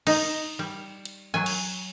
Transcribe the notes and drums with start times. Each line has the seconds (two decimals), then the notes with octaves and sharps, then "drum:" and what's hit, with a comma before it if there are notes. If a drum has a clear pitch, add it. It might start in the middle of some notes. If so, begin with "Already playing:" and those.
0.07 D#4, drum: cymbal
0.59 G3
1.05 drum: hi-hat
1.34 F#3 G#5
1.46 drum: cymbal